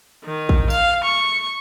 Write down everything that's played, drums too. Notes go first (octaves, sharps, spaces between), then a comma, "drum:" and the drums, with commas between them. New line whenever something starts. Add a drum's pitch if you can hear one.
D#3
drum: kick
F5, drum: tambourine
C#6